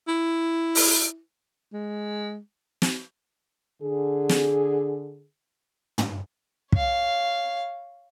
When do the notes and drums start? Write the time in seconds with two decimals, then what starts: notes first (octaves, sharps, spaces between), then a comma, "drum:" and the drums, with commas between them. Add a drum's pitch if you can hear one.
0.08 E4
0.75 drum: open hi-hat
1.73 G#3
2.82 drum: snare
3.82 D3 G#4
4.29 drum: snare
5.98 drum: tom
6.72 C#5 F5, drum: kick